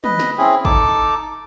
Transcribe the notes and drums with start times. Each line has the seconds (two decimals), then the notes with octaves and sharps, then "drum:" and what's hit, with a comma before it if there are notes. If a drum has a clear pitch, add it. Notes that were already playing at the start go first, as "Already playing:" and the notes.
0.04 B4 D#5, drum: tom
0.19 drum: snare
0.38 C4 C#4 E4 G#4
0.65 D#4 A4 A5 D6, drum: kick